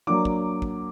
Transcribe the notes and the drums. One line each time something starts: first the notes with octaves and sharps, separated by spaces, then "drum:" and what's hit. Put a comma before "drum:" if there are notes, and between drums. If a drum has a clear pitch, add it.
F#3 A#3 D4 D6
drum: kick
drum: kick